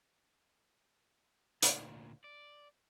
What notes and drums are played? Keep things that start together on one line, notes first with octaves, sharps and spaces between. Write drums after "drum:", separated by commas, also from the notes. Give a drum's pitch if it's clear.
D2 A#2, drum: hi-hat
D5